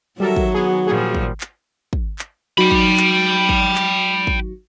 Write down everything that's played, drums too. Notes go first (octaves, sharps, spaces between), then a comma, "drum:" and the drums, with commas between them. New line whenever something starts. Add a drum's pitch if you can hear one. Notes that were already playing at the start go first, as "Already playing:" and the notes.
D#3 F#3 G3 F#4 A4 A#4 E5
drum: kick
B3 G#4
A#2 F3 G3 G#4
drum: kick
drum: clap
drum: kick
drum: clap
F#3 D#4 F#4 G5 B5
drum: kick
drum: clap
drum: kick
drum: clap
drum: kick